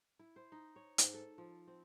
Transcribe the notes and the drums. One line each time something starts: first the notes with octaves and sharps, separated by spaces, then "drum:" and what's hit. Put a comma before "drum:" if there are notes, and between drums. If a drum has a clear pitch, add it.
E4
C5
D#4
C#5
G#2, drum: hi-hat
A4
F3
C4